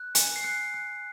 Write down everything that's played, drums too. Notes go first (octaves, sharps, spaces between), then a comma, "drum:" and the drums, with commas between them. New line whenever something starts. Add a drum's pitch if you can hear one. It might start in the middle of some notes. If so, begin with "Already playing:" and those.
Already playing: F#6
G#5 C#7, drum: hi-hat
C7
F#6 C#7
F#6